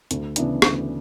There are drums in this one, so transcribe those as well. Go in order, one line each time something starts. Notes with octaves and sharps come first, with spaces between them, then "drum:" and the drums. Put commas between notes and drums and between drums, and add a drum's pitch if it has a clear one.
D2, drum: hi-hat
C#3 E3 B3 D4, drum: hi-hat
D2, drum: rim click